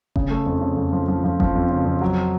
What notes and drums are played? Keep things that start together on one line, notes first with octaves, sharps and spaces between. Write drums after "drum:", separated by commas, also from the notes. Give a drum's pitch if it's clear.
C#3, drum: kick F#1
A3
F2
C#3
F2
F3
F3
F3
F3, drum: kick F#1
F2
C#3
F2
F#3